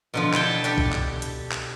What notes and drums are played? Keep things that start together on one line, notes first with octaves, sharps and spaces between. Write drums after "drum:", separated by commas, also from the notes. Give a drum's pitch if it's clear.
B2 D3 F3
E4 A4 G5 A5, drum: clap
D4 G4 A4, drum: hi-hat
drum: kick A#1
drum: clap
drum: hi-hat
drum: clap